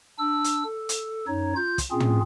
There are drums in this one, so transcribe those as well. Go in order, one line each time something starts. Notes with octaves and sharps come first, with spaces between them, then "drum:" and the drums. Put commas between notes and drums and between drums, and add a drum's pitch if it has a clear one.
D4 E6
drum: hi-hat
A4
drum: hi-hat
F#2 D#4 C#5
F4 G6
drum: kick, hi-hat
A#2 C4 C#4 F4 G#4
drum: tom